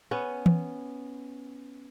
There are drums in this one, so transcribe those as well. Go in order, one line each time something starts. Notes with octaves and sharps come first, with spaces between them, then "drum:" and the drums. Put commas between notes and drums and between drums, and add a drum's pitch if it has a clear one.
B3 C#4
drum: tom E3